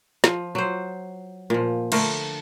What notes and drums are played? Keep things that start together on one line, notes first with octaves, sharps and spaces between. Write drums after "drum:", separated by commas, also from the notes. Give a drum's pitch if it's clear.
F3, drum: snare
F#3 C5
A#2 F3
D3 A3 A#4, drum: cymbal